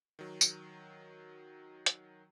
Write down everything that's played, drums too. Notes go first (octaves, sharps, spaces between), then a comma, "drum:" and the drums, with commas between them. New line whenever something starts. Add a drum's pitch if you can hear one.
D#3 F#3
drum: tambourine
drum: hi-hat